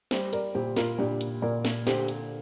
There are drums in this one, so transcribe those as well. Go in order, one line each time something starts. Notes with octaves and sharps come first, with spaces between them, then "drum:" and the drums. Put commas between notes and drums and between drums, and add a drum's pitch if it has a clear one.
G3 G4 C5, drum: snare
A#4 D5, drum: hi-hat
A#2 G4 C5
F4 A#4, drum: snare
A#2 D4 G4
drum: hi-hat
A#2 A#4 D5
drum: snare
D3 G4 C5, drum: snare
drum: hi-hat